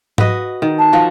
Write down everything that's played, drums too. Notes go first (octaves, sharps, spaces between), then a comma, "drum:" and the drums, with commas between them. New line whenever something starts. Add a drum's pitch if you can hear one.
F#4 B4 D#5, drum: tom G#2
D#3
A5
F3 F#4